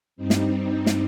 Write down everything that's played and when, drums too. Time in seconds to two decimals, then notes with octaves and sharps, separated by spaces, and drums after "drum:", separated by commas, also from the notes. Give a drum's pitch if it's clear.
0.16 G2 G3 C4 D#4
0.30 drum: snare
0.86 drum: snare